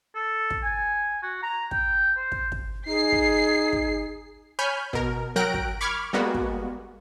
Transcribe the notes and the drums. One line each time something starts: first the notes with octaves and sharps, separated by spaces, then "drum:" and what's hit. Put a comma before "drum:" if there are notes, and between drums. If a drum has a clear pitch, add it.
A4
drum: kick
G#5
F#4
A#5
G5, drum: kick
C5
drum: kick
drum: kick
D#4 G#4 C7
drum: kick
drum: kick
C#5 G#5 B5 F6 G6
B2 A#4, drum: kick
F#3 A#4 G5 F#6 A#6 D7
drum: kick
B5 C#6 D6 F6 G#6
G3 G#3 A#3 B3 F#4
drum: kick